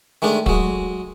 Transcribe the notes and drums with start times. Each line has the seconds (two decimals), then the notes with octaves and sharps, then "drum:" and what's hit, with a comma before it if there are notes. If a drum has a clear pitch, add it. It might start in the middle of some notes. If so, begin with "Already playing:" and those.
0.22 D#3 G#3 A3 D4
0.46 F#3 G#3, drum: kick